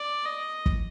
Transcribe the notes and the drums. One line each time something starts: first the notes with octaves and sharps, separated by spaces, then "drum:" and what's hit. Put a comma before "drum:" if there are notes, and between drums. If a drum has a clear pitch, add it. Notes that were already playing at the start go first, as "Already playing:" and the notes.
Already playing: D5
D#5
drum: kick